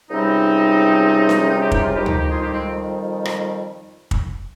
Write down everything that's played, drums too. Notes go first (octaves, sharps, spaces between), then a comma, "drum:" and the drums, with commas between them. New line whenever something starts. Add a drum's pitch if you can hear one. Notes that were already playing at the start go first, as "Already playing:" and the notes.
C#2 C3 G3 C4 D#4
drum: snare D4
C#4
C4 D#4
D#4 G4
D#4 G4, drum: kick
C#4 F4
F2 D#3 G3 D#4 G4
D#4 G4, drum: tom D2
D#4 G4
F4 G#4
D#4 G4
G#3 C4
drum: rim click
drum: kick